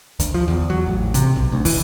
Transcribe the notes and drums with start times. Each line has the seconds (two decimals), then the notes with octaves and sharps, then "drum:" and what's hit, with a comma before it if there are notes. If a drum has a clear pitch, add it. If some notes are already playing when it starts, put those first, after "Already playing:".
0.19 D2, drum: hi-hat
0.34 F3
0.48 E2
0.70 F#3
0.86 A1
1.14 C3, drum: hi-hat
1.36 B1
1.52 D2
1.65 E3, drum: kick, open hi-hat